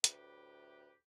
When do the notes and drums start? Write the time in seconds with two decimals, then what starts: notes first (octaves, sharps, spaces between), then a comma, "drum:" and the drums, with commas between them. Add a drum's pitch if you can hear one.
0.04 D2 A2 G4 B4, drum: hi-hat